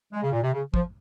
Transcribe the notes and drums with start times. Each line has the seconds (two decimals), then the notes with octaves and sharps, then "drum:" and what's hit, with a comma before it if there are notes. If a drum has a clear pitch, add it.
0.13 G#3
0.22 C#3
0.32 A#2
0.43 C3
0.53 C#3
0.74 F3, drum: kick